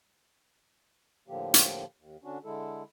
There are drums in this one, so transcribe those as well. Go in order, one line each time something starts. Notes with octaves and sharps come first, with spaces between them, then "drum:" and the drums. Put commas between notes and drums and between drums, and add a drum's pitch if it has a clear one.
A2 D3 F3 A#3 G4
drum: hi-hat
D#2
D3 C#4 D4 F#4
D3 G#3 E4 A4